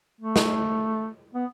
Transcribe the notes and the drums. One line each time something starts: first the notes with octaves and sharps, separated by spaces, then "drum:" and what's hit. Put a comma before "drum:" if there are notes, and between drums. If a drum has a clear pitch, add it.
A3
drum: snare
B3